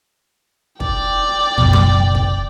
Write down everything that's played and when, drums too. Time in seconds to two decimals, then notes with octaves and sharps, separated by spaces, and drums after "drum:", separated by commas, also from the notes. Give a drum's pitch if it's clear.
0.80 D5 G5, drum: kick
1.58 F#1 B2, drum: tom
1.73 drum: tom F#3
2.15 drum: kick